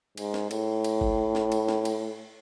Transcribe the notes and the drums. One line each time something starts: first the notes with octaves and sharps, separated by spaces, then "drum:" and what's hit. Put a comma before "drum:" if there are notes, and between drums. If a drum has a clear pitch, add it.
G#2, drum: cymbal
drum: snare
A2, drum: cymbal
drum: cymbal
drum: kick G1
drum: snare
drum: cymbal
drum: snare
drum: cymbal